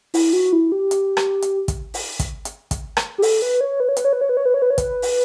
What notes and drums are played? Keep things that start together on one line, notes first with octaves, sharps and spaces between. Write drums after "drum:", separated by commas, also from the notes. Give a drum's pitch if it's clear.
E4, drum: open hi-hat
F#4
E4
G4
drum: hi-hat
drum: rim click
drum: hi-hat
drum: kick, hi-hat
drum: open hi-hat
drum: kick, hi-hat
drum: hi-hat
drum: kick, hi-hat
drum: rim click
G4
A4, drum: open hi-hat
B4
C#5
B4
C#5
B4, drum: hi-hat
C#5
B4
C#5
B4
C#5
B4
C#5
B4
C#5
B4, drum: kick, hi-hat
drum: open hi-hat